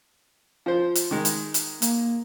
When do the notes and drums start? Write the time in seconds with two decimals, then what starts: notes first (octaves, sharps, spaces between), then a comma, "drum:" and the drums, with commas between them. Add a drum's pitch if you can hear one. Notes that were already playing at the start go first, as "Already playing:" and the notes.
0.66 F3 C5
0.95 drum: hi-hat
1.11 D#3 G#3
1.25 drum: hi-hat
1.54 drum: hi-hat
1.82 A#3, drum: hi-hat